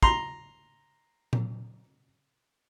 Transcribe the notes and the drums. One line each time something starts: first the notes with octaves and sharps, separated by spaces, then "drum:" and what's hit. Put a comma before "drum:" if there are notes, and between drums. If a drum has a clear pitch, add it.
A#5 C6, drum: kick
drum: tom A#2